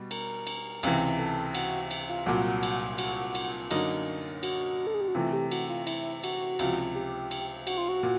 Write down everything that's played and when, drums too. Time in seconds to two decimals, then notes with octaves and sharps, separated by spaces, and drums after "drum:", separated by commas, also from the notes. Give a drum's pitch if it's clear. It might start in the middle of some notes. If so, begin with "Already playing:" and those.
Already playing: B2 G3
0.11 A#4, drum: cymbal
0.47 drum: cymbal
0.83 C#2 C3 E3, drum: cymbal
1.19 A4
1.55 F#4, drum: cymbal
1.91 drum: cymbal
2.09 F4
2.26 C2 A#2 F#3 F#4
2.63 drum: cymbal
2.98 F#4, drum: cymbal
3.35 drum: cymbal
3.71 F#2 D3 F#3 A#3 D#4, drum: cymbal
4.43 F#4, drum: cymbal
4.87 A4
4.94 G#4
5.01 G4
5.08 F#4
5.15 C3 E3 A3 F4
5.33 G4
5.51 F#4, drum: cymbal
5.70 F4
5.87 E4, drum: cymbal
6.23 F#4, drum: cymbal
6.59 C#2 C3 F3, drum: cymbal
6.95 G4
7.31 drum: cymbal
7.67 F#4, drum: cymbal
7.77 F4
7.88 F#4
8.03 A#2